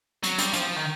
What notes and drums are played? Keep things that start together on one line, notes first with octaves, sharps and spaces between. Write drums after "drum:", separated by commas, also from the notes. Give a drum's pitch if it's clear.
F#3, drum: hi-hat
G3, drum: hi-hat
F3, drum: hi-hat
D#3